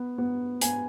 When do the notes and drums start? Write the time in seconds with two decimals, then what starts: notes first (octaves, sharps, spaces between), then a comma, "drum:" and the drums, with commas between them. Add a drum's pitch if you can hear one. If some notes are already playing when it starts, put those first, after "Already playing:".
Already playing: B3
0.18 B3
0.61 B3 G#5, drum: hi-hat